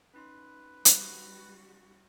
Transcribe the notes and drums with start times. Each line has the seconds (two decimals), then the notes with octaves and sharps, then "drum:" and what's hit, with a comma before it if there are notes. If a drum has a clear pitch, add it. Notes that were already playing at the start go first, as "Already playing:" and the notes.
0.14 C#4 D#4 B4 C6
0.85 G3 F#4, drum: hi-hat